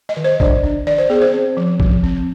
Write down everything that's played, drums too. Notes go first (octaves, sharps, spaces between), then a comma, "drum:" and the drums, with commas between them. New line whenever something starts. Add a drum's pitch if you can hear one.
D#5
D#3
C5
D4 D5, drum: kick
D4
D#3 D5
C5
B3 G#4
C5
C4
F3
F3, drum: kick
C4